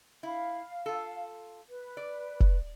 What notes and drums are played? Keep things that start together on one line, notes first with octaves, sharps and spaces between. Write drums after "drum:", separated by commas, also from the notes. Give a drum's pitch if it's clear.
E4 F5
F4 A4
B4
D5
drum: kick